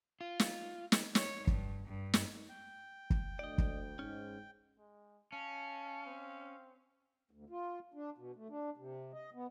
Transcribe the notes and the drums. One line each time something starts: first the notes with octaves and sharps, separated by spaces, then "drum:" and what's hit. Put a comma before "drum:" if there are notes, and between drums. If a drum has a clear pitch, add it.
F4
drum: snare
drum: snare
C#5, drum: snare
G2, drum: kick
G2
drum: snare
G5
drum: kick
D2 D5 D#5
drum: kick
G#2 C#4
G#3
C#4 F5 A5
C4
D2
F4
D4
B2
A3
D4
C3
D#5
B3